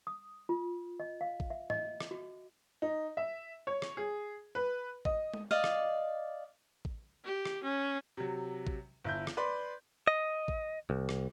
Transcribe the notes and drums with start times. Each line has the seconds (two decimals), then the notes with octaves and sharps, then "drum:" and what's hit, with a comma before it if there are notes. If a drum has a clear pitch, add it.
0.07 D#6
0.49 F4
1.00 D#5
1.21 F5
1.40 drum: kick A1
1.50 E5
1.70 D#5, drum: tom
2.00 drum: rim click
2.11 F#4
2.82 D#4
3.17 E5
3.67 C#5
3.82 drum: rim click
3.97 G#4
4.55 B4
5.05 D#5, drum: kick A1
5.34 drum: tom G#3
5.51 D5 D#5 F5
5.64 drum: rim click
6.85 drum: kick A1
7.25 G4
7.45 drum: rim click
7.63 C#4
8.17 C3 F#3
8.67 drum: kick A1
9.05 G1 E4 G6
9.27 drum: rim click
9.37 B4 D5 C6
10.08 D#5
10.48 drum: kick A1
10.90 C2
11.09 drum: rim click